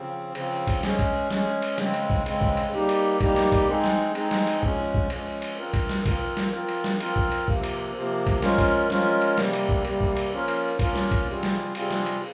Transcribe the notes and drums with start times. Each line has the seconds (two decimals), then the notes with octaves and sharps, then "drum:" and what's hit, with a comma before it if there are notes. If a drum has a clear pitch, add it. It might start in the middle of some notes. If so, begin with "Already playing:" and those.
Already playing: C#3 F3 C4
0.35 C#3 F3 C4, drum: cymbal
0.67 drum: kick B1, cymbal
0.83 G#3 C#4 G#4, drum: snare
0.99 drum: kick B1, cymbal
1.31 G#3 C#4 G#4, drum: snare
1.62 drum: cymbal
1.78 C#3 G#3 C4, drum: snare
1.94 drum: cymbal
2.10 drum: kick B1
2.26 C#3 G#3 C4, drum: cymbal
2.41 drum: kick B1
2.57 drum: cymbal
2.73 G3 A#3 D#4 G4
2.89 drum: cymbal
3.21 G3 A#3 D#4 G4, drum: kick B1, cymbal
3.36 drum: snare
3.52 drum: kick B1, cymbal
3.68 G#3 C4 D#4 G#4
3.84 drum: snare
4.15 G#3 C4 D#4 G#4, drum: cymbal
4.31 drum: snare
4.47 drum: cymbal
4.63 F3 G#3 C#4, drum: kick B1
4.94 drum: kick B1
5.10 F3 G#3 C#4, drum: cymbal
5.42 drum: cymbal
5.58 F3 C4 F4 A#4
5.74 drum: kick B1, cymbal
5.89 drum: snare
6.06 F3 C4 F4 A#4, drum: kick B1, cymbal
6.37 drum: snare
6.53 F3 C4 F4 A#4
6.68 drum: cymbal
6.84 drum: snare
7.00 F3 C4 F4 A#4, drum: cymbal
7.16 drum: kick B1
7.32 drum: cymbal
7.48 C3 F3 A#3, drum: kick B1
7.63 drum: cymbal
7.95 C3 F3 A#3
8.27 drum: kick B1, cymbal
8.42 F3 G#3 C#4 F4 A#4, drum: snare
8.58 drum: kick B1, cymbal
8.90 F3 G#3 C#4 F4 A#4, drum: snare
9.22 drum: cymbal
9.38 C3 G3 A#3, drum: snare
9.53 drum: cymbal
9.69 drum: kick B1
9.85 C3 G3 A#3, drum: cymbal
10.01 drum: kick B1
10.16 drum: cymbal
10.32 F3 A#3 C#4 F4 A#4
10.48 drum: cymbal
10.79 F3 A#3 C#4 F4 A#4, drum: kick B1, cymbal
10.96 drum: snare
11.11 drum: kick B1, cymbal
11.27 C3 G3 C4 F4 G#4
11.43 drum: snare
11.75 C3 G3 C4 F4 G#4, drum: cymbal
11.90 drum: snare
12.06 drum: cymbal